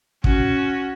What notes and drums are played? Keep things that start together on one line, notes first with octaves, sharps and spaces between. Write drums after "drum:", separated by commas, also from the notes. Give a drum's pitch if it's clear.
C#4 F#4, drum: kick